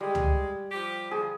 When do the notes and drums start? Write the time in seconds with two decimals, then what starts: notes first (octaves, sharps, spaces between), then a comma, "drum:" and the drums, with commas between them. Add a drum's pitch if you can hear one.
0.01 G3 G#3
0.15 drum: tom
0.72 F3 G4
1.11 D3 F3 G#4